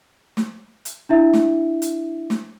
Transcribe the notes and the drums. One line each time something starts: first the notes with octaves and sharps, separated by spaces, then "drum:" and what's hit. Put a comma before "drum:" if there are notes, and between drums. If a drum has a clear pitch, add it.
drum: snare
drum: hi-hat
D4 E4 E5
drum: snare
drum: hi-hat
drum: snare